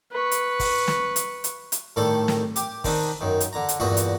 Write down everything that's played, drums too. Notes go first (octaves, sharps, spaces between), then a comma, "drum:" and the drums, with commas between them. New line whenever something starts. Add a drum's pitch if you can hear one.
B4 C#6
drum: hi-hat
drum: kick, open hi-hat
drum: snare
drum: hi-hat
drum: hi-hat
drum: hi-hat
A2 D#3 G3 A4
drum: snare
G4, drum: hi-hat
D#3 C4 D4 D#4, drum: kick, open hi-hat
F#2 D#3
drum: hi-hat
D3 A#5
drum: hi-hat
E2 G2 A#2 F#4 D#5 E5
drum: hi-hat